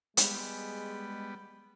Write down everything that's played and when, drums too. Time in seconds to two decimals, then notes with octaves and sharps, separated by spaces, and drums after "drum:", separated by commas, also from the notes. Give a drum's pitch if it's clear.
0.17 G3 G#3 B3, drum: hi-hat